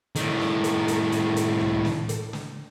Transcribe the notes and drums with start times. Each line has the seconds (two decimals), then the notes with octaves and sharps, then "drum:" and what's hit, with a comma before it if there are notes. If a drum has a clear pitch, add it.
0.16 A2 D#3, drum: hi-hat
0.40 drum: snare
0.64 drum: hi-hat
0.88 drum: hi-hat
1.12 drum: hi-hat
1.36 drum: hi-hat
1.61 drum: tom C#2
1.85 drum: snare
2.09 drum: hi-hat
2.33 drum: snare